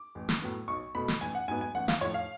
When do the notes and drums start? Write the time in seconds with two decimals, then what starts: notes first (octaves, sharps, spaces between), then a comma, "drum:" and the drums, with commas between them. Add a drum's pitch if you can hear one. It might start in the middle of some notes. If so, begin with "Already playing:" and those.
Already playing: D6
0.15 A1
0.29 drum: snare
0.42 A2 F#3 B3
0.68 B1 C#6
0.95 B2 A3 B5
1.08 drum: snare
1.21 A1 G#5
1.35 F#5
1.48 G#2 F#3 B3 G#5
1.61 G#5
1.74 A1 F#5
1.88 F5, drum: snare
2.01 A2 F3 C#5
2.14 F5